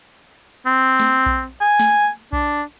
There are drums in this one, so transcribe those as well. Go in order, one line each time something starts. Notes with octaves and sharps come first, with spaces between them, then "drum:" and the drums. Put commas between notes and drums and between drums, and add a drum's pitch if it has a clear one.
C4
drum: snare
drum: kick B1
G#5
drum: snare
D4, drum: kick B1